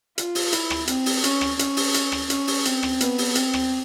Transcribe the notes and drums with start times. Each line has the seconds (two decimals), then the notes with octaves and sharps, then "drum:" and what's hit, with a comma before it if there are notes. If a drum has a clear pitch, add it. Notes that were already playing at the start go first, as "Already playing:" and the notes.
0.18 F4, drum: hi-hat
0.35 drum: open hi-hat
0.53 E4, drum: hi-hat
0.70 drum: rim click
0.87 C4, drum: hi-hat
1.06 drum: open hi-hat
1.24 C#4, drum: hi-hat
1.41 drum: rim click
1.59 C#4, drum: hi-hat
1.77 drum: open hi-hat
1.94 drum: hi-hat
2.12 drum: rim click
2.30 C#4, drum: hi-hat
2.47 drum: open hi-hat
2.65 C4, drum: hi-hat
2.83 drum: rim click
3.01 B3, drum: hi-hat
3.18 drum: open hi-hat
3.35 C4, drum: hi-hat
3.53 drum: rim click